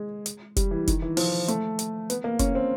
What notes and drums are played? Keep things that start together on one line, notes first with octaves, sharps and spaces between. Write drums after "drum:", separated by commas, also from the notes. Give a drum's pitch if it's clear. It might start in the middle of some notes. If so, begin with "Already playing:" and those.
Already playing: G#3
drum: hi-hat
G3, drum: kick F1, hi-hat
E3
D#3, drum: kick F1, hi-hat
E3
F3, drum: open hi-hat
A3, drum: hi-hat
drum: hi-hat
B3, drum: hi-hat
A#3
C#4, drum: kick F1, hi-hat
C4